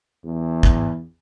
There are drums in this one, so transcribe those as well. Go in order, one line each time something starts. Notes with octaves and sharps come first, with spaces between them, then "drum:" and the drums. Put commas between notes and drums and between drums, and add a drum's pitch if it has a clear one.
E2
drum: kick